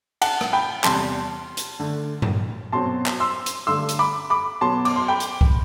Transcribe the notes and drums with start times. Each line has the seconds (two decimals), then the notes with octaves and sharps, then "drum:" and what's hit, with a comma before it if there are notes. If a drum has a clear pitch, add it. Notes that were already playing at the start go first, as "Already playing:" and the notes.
0.22 F#5 A5, drum: cymbal
0.41 drum: rim click
0.53 G5 B5
0.84 E2 C3 G3 A5 C6, drum: clap
1.57 drum: hi-hat
1.79 D3 A3 D4
2.22 drum: tom G2
2.72 B2 F#3 C4 A5 C6
3.06 drum: clap
3.20 C6 E6
3.46 drum: hi-hat
3.67 G2 D3 A3 C6 E6
3.89 drum: hi-hat
3.99 B5 D6
4.30 B5 D6
4.61 B2 F#3 B3 A5 C6
4.85 D6, drum: cymbal
4.96 C6
5.08 G5 B5
5.20 drum: hi-hat
5.41 drum: kick C2